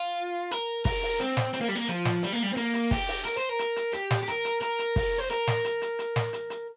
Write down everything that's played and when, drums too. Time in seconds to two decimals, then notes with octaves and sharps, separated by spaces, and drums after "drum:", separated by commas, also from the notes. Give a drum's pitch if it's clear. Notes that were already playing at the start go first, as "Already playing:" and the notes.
Already playing: F4
0.51 A#4, drum: hi-hat
0.85 A#4, drum: kick, open hi-hat
1.03 drum: open hi-hat
1.20 C4, drum: hi-hat
1.37 drum: snare
1.53 C4, drum: hi-hat
1.61 A#3
1.68 G3, drum: hi-hat
1.75 A#3
1.89 F3, drum: hi-hat
2.05 drum: snare
2.23 G3, drum: hi-hat
2.32 A#3
2.43 G3
2.53 C4
2.57 A#3, drum: hi-hat
2.74 drum: hi-hat
2.91 G4, drum: kick, open hi-hat
3.08 drum: open hi-hat
3.25 A#4, drum: hi-hat
3.37 C5
3.49 A#4
3.59 drum: hi-hat
3.76 drum: hi-hat
3.93 G4, drum: hi-hat
4.11 drum: snare
4.23 G4
4.28 A#4, drum: hi-hat
4.45 drum: hi-hat
4.61 A#4, drum: hi-hat
4.79 drum: hi-hat
4.96 drum: kick, open hi-hat
5.19 C5
5.31 A#4, drum: hi-hat
5.47 drum: snare
5.65 drum: hi-hat
5.82 drum: hi-hat
5.99 drum: hi-hat
6.16 drum: snare
6.33 drum: hi-hat
6.50 drum: hi-hat